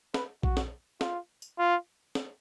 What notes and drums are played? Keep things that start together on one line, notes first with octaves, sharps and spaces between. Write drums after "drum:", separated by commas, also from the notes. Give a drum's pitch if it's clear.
B4, drum: snare
F#4, drum: kick A#1
drum: snare
F4, drum: snare
drum: tambourine
F4
drum: snare